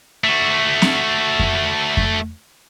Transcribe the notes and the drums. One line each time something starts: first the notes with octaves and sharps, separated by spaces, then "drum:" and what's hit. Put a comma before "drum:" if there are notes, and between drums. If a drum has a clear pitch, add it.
A3 F#4
drum: snare C4
drum: kick F2
drum: kick F2